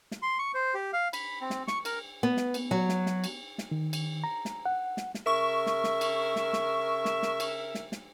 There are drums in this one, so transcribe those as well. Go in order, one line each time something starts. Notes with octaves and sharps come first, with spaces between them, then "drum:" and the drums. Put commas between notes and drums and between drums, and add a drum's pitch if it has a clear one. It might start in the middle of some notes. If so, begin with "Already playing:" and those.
drum: snare
C6
C#6
C5
G4
F5
B5, drum: cymbal
C4
drum: snare
C#6, drum: snare
A#4, drum: cymbal
B3
drum: snare
drum: cymbal
F#3
drum: snare
drum: snare
drum: cymbal
drum: snare
D#3
drum: cymbal
A#5
drum: snare
F#5
drum: snare
drum: snare
C#3 A#4 E5 C#6
drum: snare
drum: snare
drum: cymbal
drum: snare
drum: snare
drum: snare
drum: snare
drum: cymbal
drum: snare
drum: snare